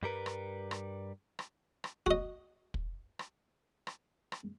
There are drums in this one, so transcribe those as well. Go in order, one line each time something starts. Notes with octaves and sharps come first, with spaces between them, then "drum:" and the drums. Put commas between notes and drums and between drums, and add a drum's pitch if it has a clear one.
G2 G3 A#4 B4
drum: rim click
drum: rim click
drum: rim click
drum: rim click
F#4 D#5, drum: kick
drum: kick
drum: rim click
drum: rim click
drum: rim click